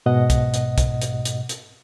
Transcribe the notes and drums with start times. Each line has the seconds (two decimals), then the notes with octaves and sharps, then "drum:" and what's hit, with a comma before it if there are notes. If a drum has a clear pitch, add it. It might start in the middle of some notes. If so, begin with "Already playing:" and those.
0.06 G#2 B2 D#5 F#5
0.30 drum: kick, hi-hat
0.54 drum: hi-hat
0.78 drum: kick, hi-hat
1.02 drum: hi-hat
1.25 drum: hi-hat
1.49 drum: hi-hat